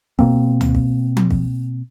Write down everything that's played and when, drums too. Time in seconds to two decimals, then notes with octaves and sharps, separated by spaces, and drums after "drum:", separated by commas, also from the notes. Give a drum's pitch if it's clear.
0.19 B2 A#3 C4, drum: kick
0.61 drum: tom C#2
0.75 drum: kick
1.17 drum: tom F3
1.31 drum: kick